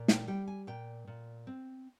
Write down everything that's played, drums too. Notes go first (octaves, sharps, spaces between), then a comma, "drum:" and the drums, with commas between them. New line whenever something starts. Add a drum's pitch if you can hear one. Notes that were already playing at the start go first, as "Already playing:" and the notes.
Already playing: A#2
G5, drum: snare
G3 G5
G#5
A#2 G5
A#2
C4